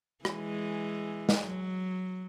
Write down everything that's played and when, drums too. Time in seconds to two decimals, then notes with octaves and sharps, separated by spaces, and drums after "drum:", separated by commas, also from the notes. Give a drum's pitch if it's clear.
0.25 E3 G#3, drum: rim click
1.29 drum: snare
1.43 F#3